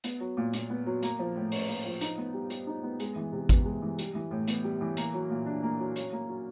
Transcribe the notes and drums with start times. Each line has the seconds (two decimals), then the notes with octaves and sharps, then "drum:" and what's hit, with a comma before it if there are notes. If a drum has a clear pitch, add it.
0.04 B3, drum: hi-hat
0.20 F#3
0.37 A#2
0.53 A#2, drum: hi-hat
0.70 B3
0.86 F#3
1.03 A#3, drum: hi-hat
1.19 F3
1.35 A2
1.52 C#4, drum: open hi-hat
1.68 A#3
1.85 F3
2.01 D#4, drum: hi-hat
2.18 B3
2.34 G3
2.50 G3, drum: hi-hat
2.67 D#4
2.83 B3
3.00 G#3, drum: hi-hat
3.16 E3
3.32 C3
3.49 B3, drum: kick G#1, hi-hat
3.65 G#3
3.82 E3
3.99 G3, drum: hi-hat
4.15 E3
4.31 A2
4.48 B3, drum: hi-hat
4.64 G3
4.81 E3
4.97 A#3, drum: hi-hat
5.14 F#3
5.30 A#2
5.46 D4
5.63 A#3
5.79 F#3
5.96 C#4, drum: hi-hat
6.12 A#3
6.28 F#3